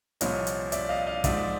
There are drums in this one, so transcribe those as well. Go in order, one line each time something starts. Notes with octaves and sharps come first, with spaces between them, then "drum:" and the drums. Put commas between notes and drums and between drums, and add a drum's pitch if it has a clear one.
C2 A#2 F3 C#5 D#5, drum: hi-hat
drum: hi-hat
D5 E5, drum: hi-hat
D#5 F5
D#5 F5
G#2 F3 D5 E5, drum: kick, hi-hat